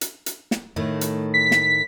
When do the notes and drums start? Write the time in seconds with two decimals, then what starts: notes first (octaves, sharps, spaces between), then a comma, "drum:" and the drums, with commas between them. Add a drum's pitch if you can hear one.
0.01 drum: hi-hat
0.26 drum: hi-hat
0.51 drum: snare
0.76 A2 D#3 A3
1.01 drum: hi-hat
1.34 B6
1.51 drum: snare